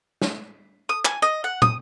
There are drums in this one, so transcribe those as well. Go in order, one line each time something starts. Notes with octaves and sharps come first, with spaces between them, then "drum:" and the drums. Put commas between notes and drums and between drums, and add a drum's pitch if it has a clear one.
drum: snare
D#6
G#5, drum: clap
D#5
F#5
D#6, drum: tom